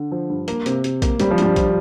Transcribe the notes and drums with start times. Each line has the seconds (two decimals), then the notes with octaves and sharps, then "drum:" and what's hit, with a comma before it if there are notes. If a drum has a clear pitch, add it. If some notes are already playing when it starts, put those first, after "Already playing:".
Already playing: D3
0.12 F3
0.30 G2
0.48 A#3, drum: hi-hat
0.66 C3, drum: hi-hat
0.84 C3, drum: hi-hat
1.02 A#3, drum: kick, hi-hat
1.20 G3 C4, drum: hi-hat
1.31 F3
1.38 G2 G3, drum: hi-hat
1.56 F3, drum: kick, hi-hat